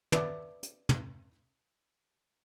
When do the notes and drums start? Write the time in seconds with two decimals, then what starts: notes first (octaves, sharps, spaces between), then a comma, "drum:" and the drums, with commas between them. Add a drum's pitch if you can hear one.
0.12 B4 D5 E5, drum: tom
0.63 drum: hi-hat
0.89 drum: tom